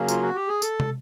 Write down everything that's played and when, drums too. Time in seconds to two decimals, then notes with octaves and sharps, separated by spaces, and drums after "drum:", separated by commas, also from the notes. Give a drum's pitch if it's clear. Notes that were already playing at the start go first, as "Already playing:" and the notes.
Already playing: C#3 F#3 A#3 C#4
0.08 F4, drum: tambourine
0.23 F#4
0.35 G4
0.48 G#4
0.62 A4, drum: tambourine
0.80 drum: tom